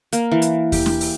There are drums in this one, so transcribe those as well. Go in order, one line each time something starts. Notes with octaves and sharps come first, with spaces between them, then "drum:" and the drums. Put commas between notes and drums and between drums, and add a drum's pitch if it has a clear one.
A#3, drum: hi-hat
E3
drum: hi-hat
G4, drum: kick E2, open hi-hat
drum: snare
drum: open hi-hat